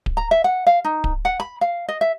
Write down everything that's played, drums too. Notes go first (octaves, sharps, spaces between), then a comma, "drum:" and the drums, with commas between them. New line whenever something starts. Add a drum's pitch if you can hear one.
drum: kick D1
A#5
E5
F#5
F5
D#4
drum: kick D1
F#5
B5
F5
D#5
E5